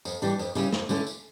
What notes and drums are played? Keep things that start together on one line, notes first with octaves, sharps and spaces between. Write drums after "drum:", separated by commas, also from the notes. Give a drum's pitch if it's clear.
F2, drum: tambourine
E3 G3 D4, drum: tambourine
F2, drum: tambourine
C#3 G3 C#4 E4, drum: tambourine
F2, drum: snare
D3 A3 C#4 E4, drum: tambourine
drum: tambourine